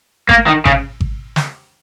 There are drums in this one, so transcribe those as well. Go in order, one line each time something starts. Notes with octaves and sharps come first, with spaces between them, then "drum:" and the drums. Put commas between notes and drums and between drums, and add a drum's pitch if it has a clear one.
A#3, drum: kick G#1
D#3
C#3, drum: kick G#1
drum: kick G#1
drum: snare